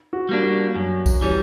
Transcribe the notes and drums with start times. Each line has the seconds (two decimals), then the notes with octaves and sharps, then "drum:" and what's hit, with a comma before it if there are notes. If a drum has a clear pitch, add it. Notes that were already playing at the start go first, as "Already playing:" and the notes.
0.13 F#4
0.29 G3 A#3 D4
0.43 F#4
0.76 F#2
1.06 drum: kick B1, tambourine
1.21 E3 G3 C#4